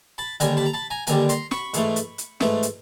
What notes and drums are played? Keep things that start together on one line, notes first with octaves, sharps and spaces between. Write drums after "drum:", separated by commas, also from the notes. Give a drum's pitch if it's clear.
A5 B5
D#2 D3 G3 G#5 A#5, drum: hi-hat
A5 B5
A#5
A5 B5
G#5 A#5
D#2 D3 G3 G#5 A#5, drum: hi-hat
A#5 C6, drum: hi-hat
B5 C#6, drum: snare
G#2 E3 A3, drum: hi-hat
drum: hi-hat
drum: hi-hat
G#2 E3 A3, drum: snare
drum: hi-hat